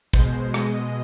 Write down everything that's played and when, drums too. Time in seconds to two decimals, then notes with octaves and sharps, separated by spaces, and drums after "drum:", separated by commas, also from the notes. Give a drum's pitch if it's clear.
0.13 B2 G#3 C5, drum: kick
0.54 B2 G#3 D#5, drum: rim click